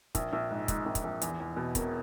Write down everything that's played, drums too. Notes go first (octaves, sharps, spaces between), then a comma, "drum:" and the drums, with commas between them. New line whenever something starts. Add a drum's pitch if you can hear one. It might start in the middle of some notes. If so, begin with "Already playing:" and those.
A#1, drum: kick, hi-hat
A#1
G#2
G#2, drum: kick, hi-hat
A#1
drum: kick, hi-hat
A#1
E2, drum: hi-hat
E2
B2
E1, drum: kick, hi-hat